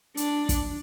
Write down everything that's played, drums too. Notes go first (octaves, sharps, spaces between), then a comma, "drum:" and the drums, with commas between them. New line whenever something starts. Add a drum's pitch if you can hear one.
D4, drum: hi-hat
drum: kick, hi-hat